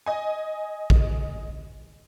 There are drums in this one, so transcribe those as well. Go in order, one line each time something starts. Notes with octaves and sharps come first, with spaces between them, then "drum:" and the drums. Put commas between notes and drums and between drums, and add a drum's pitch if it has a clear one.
D#5 G#5
drum: kick